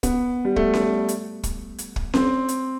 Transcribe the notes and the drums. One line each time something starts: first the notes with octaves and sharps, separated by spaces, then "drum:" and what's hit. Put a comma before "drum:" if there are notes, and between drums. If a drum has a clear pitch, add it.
B3, drum: kick, hi-hat
G3
A3, drum: kick
drum: snare C#4
drum: hi-hat
drum: kick, hi-hat
drum: hi-hat
drum: kick
C4, drum: snare C#4
drum: hi-hat